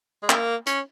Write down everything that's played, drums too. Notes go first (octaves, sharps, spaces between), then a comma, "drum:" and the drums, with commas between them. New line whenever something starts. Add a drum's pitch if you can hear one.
G#3
A#3, drum: clap
C#4, drum: hi-hat